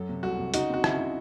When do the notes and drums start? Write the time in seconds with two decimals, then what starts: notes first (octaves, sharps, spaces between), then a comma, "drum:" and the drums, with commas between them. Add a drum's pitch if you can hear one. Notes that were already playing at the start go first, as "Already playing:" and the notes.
Already playing: F#2 F#3 A4
0.09 C3
0.23 C2 F#4 A4
0.38 C3
0.54 C#3 D#4 F#4, drum: hi-hat
0.69 C4 F#4
0.84 C#3 E4, drum: rim click
0.99 C#3